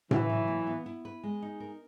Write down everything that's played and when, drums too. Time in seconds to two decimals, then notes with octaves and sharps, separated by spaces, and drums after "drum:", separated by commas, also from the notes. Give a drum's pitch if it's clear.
0.11 C#3 E3, drum: tom A2
0.29 F#3
0.48 A#3
0.67 B3
0.86 E4
1.05 B4
1.23 G#3
1.42 D#4
1.60 A#4